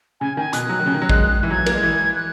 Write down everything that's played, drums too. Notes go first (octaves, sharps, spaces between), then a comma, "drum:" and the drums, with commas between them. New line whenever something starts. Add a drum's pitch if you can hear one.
C#3 G#5
D#3 G#5
B2 F#6, drum: hi-hat
F#3
D#3
C#3
D#3
F#3
G#3, drum: kick A#1
E3
F#3 G#6
E3
A#3, drum: cymbal
G#3
E3
F#6